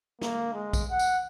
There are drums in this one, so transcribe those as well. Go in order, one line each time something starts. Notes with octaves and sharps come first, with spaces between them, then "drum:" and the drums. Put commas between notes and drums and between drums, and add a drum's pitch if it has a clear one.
A#3, drum: snare
G#3
drum: kick A#1, tambourine
F#5
drum: tambourine